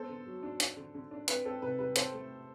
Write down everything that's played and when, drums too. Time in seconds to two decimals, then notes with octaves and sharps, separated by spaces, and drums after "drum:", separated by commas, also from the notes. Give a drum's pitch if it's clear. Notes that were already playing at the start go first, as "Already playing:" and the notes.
Already playing: B3 A4 C5
0.09 D3
0.26 F#3
0.43 D4
0.60 D4, drum: hi-hat
0.77 D3
0.95 D3
1.11 D4
1.28 C4 B4, drum: hi-hat
1.45 C4 A4
1.62 C3 B4
1.79 G3 B4
1.96 C4 A4 C5, drum: hi-hat
2.13 A3